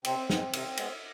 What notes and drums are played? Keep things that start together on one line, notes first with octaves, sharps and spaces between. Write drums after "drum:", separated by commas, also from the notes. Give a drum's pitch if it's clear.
C3 C4, drum: cymbal
G#3 B3, drum: snare
C3, drum: cymbal
G#3 B3, drum: cymbal